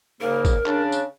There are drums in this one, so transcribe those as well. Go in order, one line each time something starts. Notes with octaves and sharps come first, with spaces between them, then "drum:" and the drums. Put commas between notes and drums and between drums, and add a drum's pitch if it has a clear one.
G#2 C#3 A#3 A#4
drum: kick A1, tambourine
C#3 D4, drum: clap
drum: tambourine